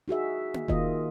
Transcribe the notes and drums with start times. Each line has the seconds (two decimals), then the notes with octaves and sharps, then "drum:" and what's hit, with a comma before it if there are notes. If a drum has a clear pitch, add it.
0.08 D#4 F#4 G#4 E5
0.54 drum: tom A#3
0.68 D#3 A#3 F4 D#5, drum: kick F1